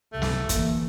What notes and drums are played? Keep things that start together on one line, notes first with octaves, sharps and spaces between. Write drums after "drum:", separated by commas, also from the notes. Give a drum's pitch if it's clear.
G1 C2 A3
drum: snare
D3 E3 A#3, drum: kick, hi-hat